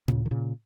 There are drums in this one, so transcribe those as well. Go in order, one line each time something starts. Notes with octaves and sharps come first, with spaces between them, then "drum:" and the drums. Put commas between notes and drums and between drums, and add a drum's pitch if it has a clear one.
A#2 C#3, drum: tom A2
D#3
A#2 C#3